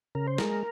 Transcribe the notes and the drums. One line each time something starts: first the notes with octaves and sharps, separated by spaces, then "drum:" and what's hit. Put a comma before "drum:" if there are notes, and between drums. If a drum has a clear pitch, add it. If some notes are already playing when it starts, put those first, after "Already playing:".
C#3 A#4
C5
G#3 A#4, drum: snare